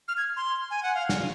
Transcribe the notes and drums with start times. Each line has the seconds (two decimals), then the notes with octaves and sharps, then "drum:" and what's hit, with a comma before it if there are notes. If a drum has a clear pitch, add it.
0.08 F6
0.17 G#6
0.37 C6
0.71 G#5
0.83 F#5
0.95 F5
1.09 drum: snare